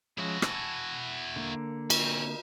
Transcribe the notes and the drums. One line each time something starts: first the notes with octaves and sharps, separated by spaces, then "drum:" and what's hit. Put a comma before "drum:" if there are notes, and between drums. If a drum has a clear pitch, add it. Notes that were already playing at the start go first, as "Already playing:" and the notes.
F3 G#3 C#4 E4 F#4
G#5 A5, drum: rim click
D3 A#3
C4 C#4, drum: cymbal